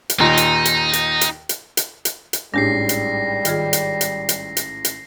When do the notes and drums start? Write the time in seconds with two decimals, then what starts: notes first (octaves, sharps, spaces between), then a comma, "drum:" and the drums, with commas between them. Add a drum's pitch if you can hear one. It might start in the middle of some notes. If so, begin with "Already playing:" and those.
0.10 drum: hi-hat
0.20 D#2 A#2 D#4
0.37 drum: hi-hat
0.65 drum: hi-hat
0.93 drum: hi-hat
1.21 drum: hi-hat
1.49 drum: hi-hat
1.77 drum: hi-hat
2.05 drum: hi-hat
2.33 drum: hi-hat
2.54 A1 G#2 G3 D4 G4 A#6 C7
2.89 drum: hi-hat
3.45 D#3 F4 G#4, drum: hi-hat
3.73 drum: hi-hat
4.01 drum: hi-hat
4.29 drum: hi-hat
4.57 drum: hi-hat
4.85 drum: hi-hat